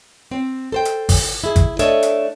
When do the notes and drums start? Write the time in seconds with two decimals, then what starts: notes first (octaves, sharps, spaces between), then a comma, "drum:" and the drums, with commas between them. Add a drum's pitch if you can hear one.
0.31 C4
0.72 A4 C5 G5
0.85 drum: hi-hat
1.09 drum: kick G#1, open hi-hat
1.44 E4 G#4
1.56 drum: kick G#1, hi-hat
1.79 A3 D4 A4 C#5 D#5 E5, drum: hi-hat
2.03 drum: hi-hat